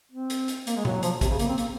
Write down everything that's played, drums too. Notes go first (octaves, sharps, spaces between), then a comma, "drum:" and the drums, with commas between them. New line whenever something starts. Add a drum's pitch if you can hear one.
C4
drum: hi-hat
drum: hi-hat
A#3, drum: hi-hat
G#3
F#3, drum: tom B2
F3, drum: hi-hat
C3, drum: kick A1, hi-hat
C#3
A#3, drum: hi-hat
C4
A#3, drum: hi-hat